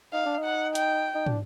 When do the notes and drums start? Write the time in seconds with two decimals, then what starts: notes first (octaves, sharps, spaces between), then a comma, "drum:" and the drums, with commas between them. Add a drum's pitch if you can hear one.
0.13 D#4 F5
0.26 D4
0.38 D#4
0.45 F#5
0.75 G5, drum: hi-hat
1.15 D#4
1.26 D4, drum: tom